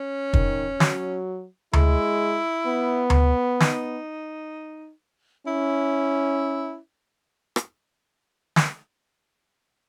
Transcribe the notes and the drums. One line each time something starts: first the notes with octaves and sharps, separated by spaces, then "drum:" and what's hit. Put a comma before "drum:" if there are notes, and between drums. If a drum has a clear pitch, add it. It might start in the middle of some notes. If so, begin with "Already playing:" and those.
Already playing: C#4
D#3, drum: kick
F#3, drum: snare
G#3 E4, drum: tom D2
B3
drum: tom D2
D#4, drum: snare
C#4 E4
drum: rim click
drum: snare